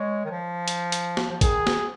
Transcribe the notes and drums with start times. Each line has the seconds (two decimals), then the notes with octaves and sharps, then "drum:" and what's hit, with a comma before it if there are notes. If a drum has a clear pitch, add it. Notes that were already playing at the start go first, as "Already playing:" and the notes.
Already playing: G#3 C#5
0.24 D#3
0.30 F3
0.68 drum: hi-hat
0.92 drum: hi-hat
1.17 drum: snare
1.31 F3
1.41 D#3 G#4, drum: kick, hi-hat
1.67 drum: snare